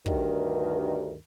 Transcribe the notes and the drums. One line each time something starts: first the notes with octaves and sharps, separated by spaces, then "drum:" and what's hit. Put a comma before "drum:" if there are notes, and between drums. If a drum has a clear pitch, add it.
D2 G2 D#3, drum: kick